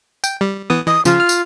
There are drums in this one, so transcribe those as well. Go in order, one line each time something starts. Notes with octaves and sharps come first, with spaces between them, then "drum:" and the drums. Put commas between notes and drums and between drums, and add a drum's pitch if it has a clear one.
G5, drum: tambourine
G3
E3 B3 D#6
E3 D#5 D#6
C#3 F3 F4, drum: tambourine
F6
drum: tambourine